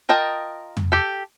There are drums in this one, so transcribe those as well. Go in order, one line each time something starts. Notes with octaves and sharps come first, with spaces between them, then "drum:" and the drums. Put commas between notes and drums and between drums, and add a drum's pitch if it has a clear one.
F4 A#4 D#5 G5 A5
drum: tom
G4 A4